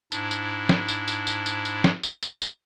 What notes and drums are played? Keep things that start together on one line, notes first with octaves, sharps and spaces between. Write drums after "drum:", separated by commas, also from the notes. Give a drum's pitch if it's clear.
G#2 D4 E4, drum: tambourine
drum: tambourine
drum: snare
drum: tambourine
drum: tambourine
drum: tambourine
drum: tambourine
drum: tambourine
drum: snare
drum: tambourine
drum: tambourine
drum: tambourine